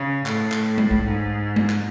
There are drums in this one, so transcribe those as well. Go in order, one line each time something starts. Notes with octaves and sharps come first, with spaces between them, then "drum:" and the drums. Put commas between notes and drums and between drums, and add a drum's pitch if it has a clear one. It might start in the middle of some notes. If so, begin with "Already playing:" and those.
Already playing: C#3
A2, drum: clap
drum: clap
drum: tom G#3
drum: kick
G#2
drum: tom G#3
drum: clap